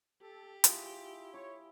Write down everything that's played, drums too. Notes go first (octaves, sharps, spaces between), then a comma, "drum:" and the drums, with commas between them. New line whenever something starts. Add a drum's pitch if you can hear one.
G4 A4
E4 F4 G#4, drum: hi-hat
E4 C#5